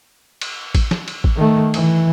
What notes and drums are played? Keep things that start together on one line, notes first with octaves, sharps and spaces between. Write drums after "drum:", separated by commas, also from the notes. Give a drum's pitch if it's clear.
drum: cymbal
drum: kick A1, cymbal
drum: snare
drum: cymbal
drum: kick A1
D#3 A3
E3, drum: cymbal